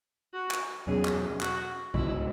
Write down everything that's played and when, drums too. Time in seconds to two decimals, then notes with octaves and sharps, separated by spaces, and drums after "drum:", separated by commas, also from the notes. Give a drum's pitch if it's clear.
0.34 F#4
0.51 drum: clap
0.87 E2 B2 F#3 C#4 G#4
1.05 drum: clap
1.41 F#4, drum: clap
1.94 C#2 B2 G#3 E4, drum: kick